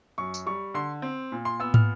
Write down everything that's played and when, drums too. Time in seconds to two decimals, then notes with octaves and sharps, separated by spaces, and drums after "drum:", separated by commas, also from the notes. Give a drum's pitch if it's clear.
0.18 F#2 C#6
0.34 drum: tambourine
0.46 G3 C#6
0.74 D3 C6
1.02 C4
1.32 A#2
1.45 C6
1.60 B3 E6
1.74 F6, drum: tom